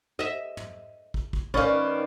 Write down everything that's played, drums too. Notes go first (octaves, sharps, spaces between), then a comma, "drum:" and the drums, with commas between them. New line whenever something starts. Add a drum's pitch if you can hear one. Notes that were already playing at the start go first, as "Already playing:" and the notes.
D#5 E5
drum: tom
drum: kick
drum: kick
D#3 C#4 B4 D5 F5, drum: kick